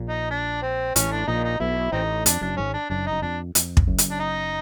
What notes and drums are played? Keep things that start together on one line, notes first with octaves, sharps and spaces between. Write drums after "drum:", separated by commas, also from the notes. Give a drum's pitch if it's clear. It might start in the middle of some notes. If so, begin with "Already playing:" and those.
Already playing: A#1 A#2
D#4
D4
C4
A1 A2 C#4, drum: hi-hat
D4
A#1 A#2 D#4
D#4
B1 B2 E4
A1 A2 C4 D#4
F2 D4, drum: hi-hat
F#1 F#2 D4
G#1 G#2 C#4
D4
F#1 F#2 D4
D#4
F#2
F2 D4
F2, drum: hi-hat
drum: kick
F#1 F#2
drum: hi-hat
D4
D#4